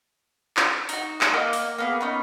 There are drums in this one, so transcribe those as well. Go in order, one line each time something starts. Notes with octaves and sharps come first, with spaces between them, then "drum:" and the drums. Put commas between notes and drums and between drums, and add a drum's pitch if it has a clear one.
drum: clap
D#4 F#4, drum: open hi-hat
drum: clap
A#3 D#5 F#5 D6
drum: open hi-hat
A#3 B3 G#4
B3 C#4 D#4